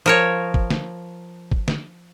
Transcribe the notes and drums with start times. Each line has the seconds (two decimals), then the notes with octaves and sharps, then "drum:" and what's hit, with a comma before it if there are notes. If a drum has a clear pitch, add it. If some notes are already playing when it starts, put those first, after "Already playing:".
0.06 F3 A#4 C#5
0.54 drum: kick G1
0.70 drum: snare
1.52 drum: kick G1
1.68 drum: snare